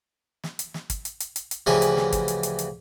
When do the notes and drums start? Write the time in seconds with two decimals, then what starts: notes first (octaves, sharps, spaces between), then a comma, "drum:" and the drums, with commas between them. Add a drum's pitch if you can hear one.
0.44 drum: snare
0.59 drum: hi-hat
0.74 drum: snare
0.90 drum: kick, hi-hat
1.05 drum: hi-hat
1.20 drum: hi-hat
1.36 drum: hi-hat
1.51 drum: hi-hat
1.66 D2 C#3 E3 F3 G4 G#5, drum: snare
1.82 drum: hi-hat
1.97 drum: snare
2.12 drum: kick, hi-hat
2.28 drum: hi-hat
2.43 drum: hi-hat
2.59 drum: hi-hat